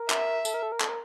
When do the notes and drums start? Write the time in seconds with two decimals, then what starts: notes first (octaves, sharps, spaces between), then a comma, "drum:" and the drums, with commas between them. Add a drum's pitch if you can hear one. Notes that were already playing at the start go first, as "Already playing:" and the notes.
Already playing: A#4
0.10 E5, drum: clap
0.45 A4, drum: tambourine
0.54 A#4
0.63 A4
0.72 A#4
0.80 A4, drum: clap
0.89 A#4